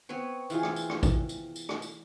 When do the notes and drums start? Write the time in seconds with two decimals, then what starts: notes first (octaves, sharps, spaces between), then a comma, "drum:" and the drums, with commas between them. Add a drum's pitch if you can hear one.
0.09 B3 C4 B4 C#5
0.50 E3 F4 G#4, drum: tambourine
0.63 drum: rim click
0.76 drum: tambourine
0.90 drum: rim click
1.03 drum: kick, tambourine
1.29 drum: tambourine
1.56 drum: tambourine
1.69 drum: rim click
1.82 drum: tambourine